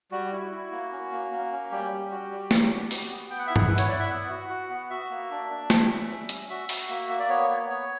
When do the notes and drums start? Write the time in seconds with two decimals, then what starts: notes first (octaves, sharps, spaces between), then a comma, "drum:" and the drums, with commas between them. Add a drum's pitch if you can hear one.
0.11 G3 F#4
0.32 E4
0.51 E4
0.71 A#3
0.92 C#4
1.11 A#3
1.32 A#3
1.52 C#4
1.71 G3 G4
1.91 G3
2.11 F#4
2.31 G3
2.51 F#3, drum: snare
2.71 F#4
2.91 F#4, drum: open hi-hat
3.10 B3
3.30 B3 G5
3.39 F#5
3.47 E4 E5
3.56 F#5, drum: tom G2
3.67 E4 B4
3.78 C#5, drum: hi-hat
3.88 E4 D5
3.99 E5
4.10 B3 F#5
4.30 F#4
4.50 F#4
4.70 B3
4.90 F#4 E5
5.10 A#3
5.30 D4
5.50 D4
5.70 G3, drum: snare
5.89 C#4
6.10 G3
6.29 C#4, drum: hi-hat
6.49 F#4 E5
6.69 F#4, drum: open hi-hat
6.89 A#3
7.09 A#3 E5
7.19 D5
7.29 B3 C#5
7.49 B3
7.69 B3 C#5